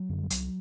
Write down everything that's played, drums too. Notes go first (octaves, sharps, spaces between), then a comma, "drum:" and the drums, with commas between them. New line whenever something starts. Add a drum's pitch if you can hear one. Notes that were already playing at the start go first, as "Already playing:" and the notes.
Already playing: F#3
F#2 D3
G3
C2 F#3, drum: hi-hat